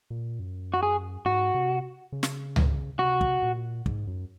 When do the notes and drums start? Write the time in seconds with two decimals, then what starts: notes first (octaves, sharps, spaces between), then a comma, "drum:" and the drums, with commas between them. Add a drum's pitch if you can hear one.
0.10 A#2
0.39 F#2
0.74 F#4
0.83 G#4
1.25 G#2 F#4
1.54 C3
2.12 C#3
2.23 drum: snare
2.56 drum: tom C#2
2.99 C3 F#4
3.21 drum: kick
3.43 A#2
3.86 G#2, drum: kick
4.07 F#2